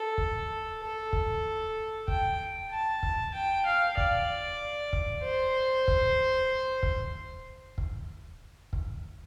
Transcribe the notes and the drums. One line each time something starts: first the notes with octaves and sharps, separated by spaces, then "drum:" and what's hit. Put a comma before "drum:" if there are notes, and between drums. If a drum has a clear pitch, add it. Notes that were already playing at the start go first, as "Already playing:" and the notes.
Already playing: A4
drum: kick
A4
drum: kick
G5, drum: kick
A5
drum: kick
G5
F5
D5, drum: kick
drum: kick
C5
drum: kick
drum: kick
drum: kick
drum: kick